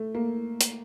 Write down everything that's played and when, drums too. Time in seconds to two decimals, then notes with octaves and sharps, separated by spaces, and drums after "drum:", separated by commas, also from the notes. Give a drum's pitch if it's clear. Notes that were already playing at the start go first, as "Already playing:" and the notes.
Already playing: A3
0.15 A#3
0.61 drum: hi-hat